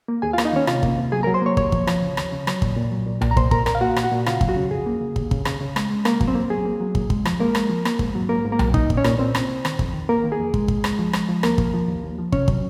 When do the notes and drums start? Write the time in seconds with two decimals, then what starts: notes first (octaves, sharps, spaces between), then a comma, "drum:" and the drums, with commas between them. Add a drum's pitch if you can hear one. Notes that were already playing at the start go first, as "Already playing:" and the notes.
0.08 A#3
0.22 D#2 G#4 G#5
0.33 F4 F5
0.38 A#3, drum: rim click
0.45 D#4 D#5
0.53 D#3 C#4 C#5
0.67 C3 F4 F5, drum: rim click
0.83 A#3, drum: kick
0.98 C3
1.12 F#3 G#4 G#5
1.23 F#3 A#4 A#5
1.34 C5 C6
1.42 A#3 C#5 C#6
1.57 D#2 C#5 C#6, drum: kick
1.72 F3, drum: kick
1.87 F3, drum: rim click
2.02 C#3
2.17 D#2, drum: rim click
2.32 C#3
2.47 F#3, drum: rim click
2.62 A#2, drum: kick
2.77 A#2
2.92 F#3
3.07 A#2
3.21 A#2, drum: tom B1
3.31 A#5
3.37 A#2 C5 C6, drum: kick
3.51 A#2 A#4 A#5, drum: kick
3.66 A#2 A#4 A#5, drum: rim click
3.75 F5
3.81 A#3 F#4 F#5
3.96 A#2, drum: rim click
4.03 F#4 F#5
4.11 A#2
4.26 C#3 F4 F5, drum: rim click
4.41 F#3, drum: kick
4.49 F#4
4.56 C#3
4.71 F2 G#4
4.86 A#3
5.01 C#3
5.16 D#2, drum: kick
5.31 C#3, drum: kick
5.45 C#3, drum: rim click
5.61 C#3
5.76 G#3, drum: rim click
5.90 G#3
6.05 A#3 A#4, drum: rim click
6.21 F#3, drum: kick
6.28 C4 C5
6.35 A#3
6.50 F#3 G#4
6.66 A#3
6.80 F#3
6.95 F#2, drum: kick
7.10 G#3, drum: kick
7.25 F3, drum: rim click
7.40 G#3 A#3 A#4
7.55 G#3, drum: rim click
7.70 F3
7.85 A#3, drum: rim click
7.99 G#2, drum: kick
8.15 F#3
8.29 G#2 A#3 A#4
8.44 G#2
8.52 A#3 A#4
8.59 F#3, drum: tom B1
8.74 C2 D#4 D#5, drum: kick
8.90 A#2, drum: kick
8.97 C#4 C#5
9.04 A#2, drum: rim click
9.19 A#2 C4 C5
9.35 C2, drum: rim click
9.50 C2
9.65 D#3, drum: rim click
9.79 F2, drum: kick
9.93 D#3
10.09 A#3 A#4
10.24 D#3
10.32 G#4
10.38 F2
10.54 G#3, drum: kick
10.68 C#2, drum: kick
10.84 G#3, drum: rim click
10.99 F3
11.13 G#3, drum: rim click
11.29 F3
11.43 D#2 A#3 A#4, drum: rim click
11.58 F3, drum: kick
11.74 F3
11.88 D#2
12.03 D#2
12.19 F3
12.32 C3 C#4 C#5, drum: kick
12.48 F#3, drum: kick